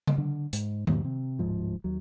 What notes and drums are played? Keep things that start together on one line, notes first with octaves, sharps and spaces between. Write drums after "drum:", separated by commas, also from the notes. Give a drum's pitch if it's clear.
drum: tom C#3
D3
G#2, drum: hi-hat
E2 G#2 B2 G3, drum: tom D#3
C3
D1 G#2 F3
D#2 F#3